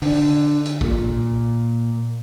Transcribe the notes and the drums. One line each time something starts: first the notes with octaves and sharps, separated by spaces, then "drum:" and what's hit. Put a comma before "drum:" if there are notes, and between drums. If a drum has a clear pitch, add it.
D3, drum: open hi-hat
drum: hi-hat
A#2, drum: kick